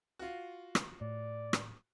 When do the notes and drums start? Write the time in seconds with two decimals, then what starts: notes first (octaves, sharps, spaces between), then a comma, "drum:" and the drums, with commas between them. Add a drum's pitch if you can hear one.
0.19 F4 F#4
0.75 drum: rim click
1.01 A2 D5
1.53 drum: rim click